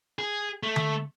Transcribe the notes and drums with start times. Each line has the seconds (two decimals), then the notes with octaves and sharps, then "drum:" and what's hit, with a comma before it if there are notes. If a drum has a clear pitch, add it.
0.19 G#4
0.63 A3
0.76 drum: tom D3